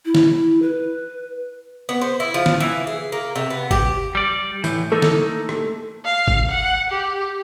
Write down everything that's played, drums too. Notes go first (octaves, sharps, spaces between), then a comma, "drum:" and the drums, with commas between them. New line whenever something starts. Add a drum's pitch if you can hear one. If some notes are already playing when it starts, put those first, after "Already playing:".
E4
drum: snare
B4
B3
C5
E4
F3
drum: snare
E3
G#4
A#3
C3
B3
G4, drum: kick
G3 D5
A2 E3 G6, drum: tambourine
A3 A#3 D#4 A4
drum: snare
drum: rim click
F5
drum: kick
F#5
G4